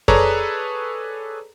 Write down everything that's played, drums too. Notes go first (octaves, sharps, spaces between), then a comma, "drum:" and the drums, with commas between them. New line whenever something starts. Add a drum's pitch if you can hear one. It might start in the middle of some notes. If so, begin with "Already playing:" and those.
G#4 A4 B4 C#5 D5 A#5, drum: kick F2